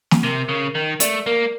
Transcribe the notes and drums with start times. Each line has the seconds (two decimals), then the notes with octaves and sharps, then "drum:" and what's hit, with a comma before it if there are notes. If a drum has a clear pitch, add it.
0.11 drum: snare
0.23 C3 A#4
0.49 C#3 A#4
0.75 D#3 A#4
1.00 A3 D5, drum: hi-hat
1.26 A#3 A#4